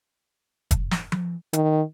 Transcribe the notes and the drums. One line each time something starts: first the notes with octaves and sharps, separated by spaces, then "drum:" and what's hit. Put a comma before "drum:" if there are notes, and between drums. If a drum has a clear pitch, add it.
drum: kick, hi-hat
drum: snare
drum: tom F3
D#3, drum: hi-hat